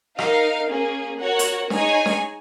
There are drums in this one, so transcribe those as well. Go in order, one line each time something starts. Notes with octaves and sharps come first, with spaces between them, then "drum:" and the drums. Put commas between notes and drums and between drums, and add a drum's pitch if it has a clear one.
D#4 A#4 F5, drum: rim click
A#3 C#4 G#4
F#4 A#4 C#5 F#5
drum: hi-hat
D#4 G#4 C#5 G#5, drum: snare
drum: snare